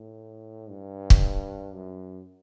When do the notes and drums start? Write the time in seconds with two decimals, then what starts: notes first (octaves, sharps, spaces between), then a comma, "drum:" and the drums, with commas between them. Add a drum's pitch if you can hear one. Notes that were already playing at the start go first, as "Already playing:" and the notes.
Already playing: A2
0.69 G2
1.10 drum: kick
1.74 F#2